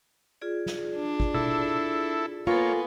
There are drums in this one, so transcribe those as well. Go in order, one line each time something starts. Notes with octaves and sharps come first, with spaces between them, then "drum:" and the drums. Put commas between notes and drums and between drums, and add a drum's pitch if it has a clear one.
F4 G#4 D5
drum: snare
D4
drum: kick
E4 A4, drum: tom B2
A#3 B3 F4 A4 A#4 C#5 G#5